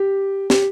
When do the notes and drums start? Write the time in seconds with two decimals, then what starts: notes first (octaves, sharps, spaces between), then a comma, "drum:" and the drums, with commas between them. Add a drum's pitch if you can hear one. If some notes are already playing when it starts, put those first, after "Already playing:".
Already playing: G4
0.50 G4, drum: snare